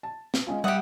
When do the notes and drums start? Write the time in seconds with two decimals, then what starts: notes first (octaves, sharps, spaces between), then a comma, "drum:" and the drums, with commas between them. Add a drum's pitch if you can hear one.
0.03 A5
0.34 drum: snare
0.47 G#3 C#4 F4
0.64 G3 G4 E5 F#5 D#6